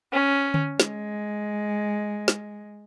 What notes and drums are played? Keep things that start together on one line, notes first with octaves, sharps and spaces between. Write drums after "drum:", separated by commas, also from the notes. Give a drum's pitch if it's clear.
C#4
drum: tom D3
G#3, drum: snare
drum: snare